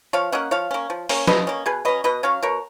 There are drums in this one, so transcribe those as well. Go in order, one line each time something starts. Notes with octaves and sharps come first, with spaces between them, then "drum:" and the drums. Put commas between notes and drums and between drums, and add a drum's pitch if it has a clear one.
F3 C#5 F5
A#3 C#4 D#5 F#5
F3 C#5 F5
A#3 C#4
F3
A#3 C#4, drum: open hi-hat
F3 B4 D#5, drum: snare
A#3 C#4
B2 G#4 B4
F#3 C#4 B4 D#5
B2 B4 D#5
F#3 C#4 C#5 F5
B2 A#4 C#5